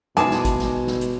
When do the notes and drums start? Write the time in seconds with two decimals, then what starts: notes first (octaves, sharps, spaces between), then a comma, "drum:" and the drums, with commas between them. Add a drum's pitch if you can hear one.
0.17 B2 D#3 G#3 E4 G#5 A5 D6, drum: hi-hat
0.31 drum: snare
0.45 drum: kick G#1, hi-hat
0.59 drum: snare
0.87 drum: snare
1.01 drum: hi-hat